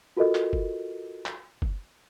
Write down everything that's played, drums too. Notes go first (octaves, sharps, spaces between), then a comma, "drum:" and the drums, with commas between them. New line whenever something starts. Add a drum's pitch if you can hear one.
F4 F#4 A4 A#4 D#5
drum: clap
drum: kick F#1
drum: clap
drum: kick F#1